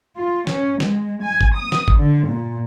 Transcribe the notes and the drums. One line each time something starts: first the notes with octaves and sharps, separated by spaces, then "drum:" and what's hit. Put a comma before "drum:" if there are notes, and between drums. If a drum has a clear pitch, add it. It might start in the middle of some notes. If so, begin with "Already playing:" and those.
F4
C#4, drum: snare
G#3, drum: snare
G#5
drum: kick G#1
D#6
drum: snare
drum: kick G#1
D3
A#2